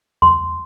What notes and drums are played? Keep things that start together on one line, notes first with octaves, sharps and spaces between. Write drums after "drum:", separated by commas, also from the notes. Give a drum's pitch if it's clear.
C6, drum: tom E2